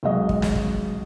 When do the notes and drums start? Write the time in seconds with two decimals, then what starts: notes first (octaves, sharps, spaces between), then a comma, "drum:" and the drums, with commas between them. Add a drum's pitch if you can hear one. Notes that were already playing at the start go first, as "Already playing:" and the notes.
0.03 B1 G#3 F#4 D#5
0.29 drum: kick
0.42 drum: snare
0.55 drum: kick